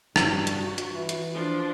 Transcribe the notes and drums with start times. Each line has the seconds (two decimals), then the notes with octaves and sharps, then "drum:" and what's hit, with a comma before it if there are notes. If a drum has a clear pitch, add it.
0.16 G2 F#4, drum: rim click
0.47 drum: hi-hat
0.78 drum: hi-hat
0.92 E3
1.09 drum: hi-hat
1.34 F3 D4